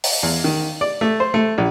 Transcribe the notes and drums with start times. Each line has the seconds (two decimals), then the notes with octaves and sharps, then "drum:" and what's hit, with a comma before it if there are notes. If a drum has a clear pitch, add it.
0.04 drum: open hi-hat
0.23 E2
0.44 D#3
0.81 D5
1.01 A3
1.20 C5
1.34 A3
1.58 A#1